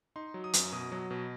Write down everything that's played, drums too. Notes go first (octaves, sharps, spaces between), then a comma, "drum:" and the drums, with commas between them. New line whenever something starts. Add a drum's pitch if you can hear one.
D#4 C6
F#3
D#6
F#2, drum: hi-hat
B2 D#6
F#3
B2